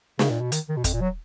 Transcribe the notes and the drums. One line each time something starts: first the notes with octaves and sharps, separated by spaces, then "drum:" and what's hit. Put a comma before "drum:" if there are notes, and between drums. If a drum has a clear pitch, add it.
C#3, drum: snare
A#2
B2
D#3, drum: hi-hat
D#3
B2
F2, drum: kick, hi-hat
A#2
F#3